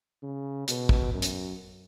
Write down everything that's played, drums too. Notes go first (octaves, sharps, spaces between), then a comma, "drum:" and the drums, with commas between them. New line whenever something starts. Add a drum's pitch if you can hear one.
C#3
B2, drum: hi-hat
drum: kick
F#2
drum: hi-hat